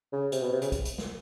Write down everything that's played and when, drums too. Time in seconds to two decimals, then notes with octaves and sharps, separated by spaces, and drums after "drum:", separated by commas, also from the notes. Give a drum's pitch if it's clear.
0.12 C#3
0.32 C3, drum: hi-hat
0.42 B2
0.52 C3
0.62 C#3, drum: hi-hat
0.72 drum: kick, hi-hat
0.85 drum: hi-hat
0.98 drum: snare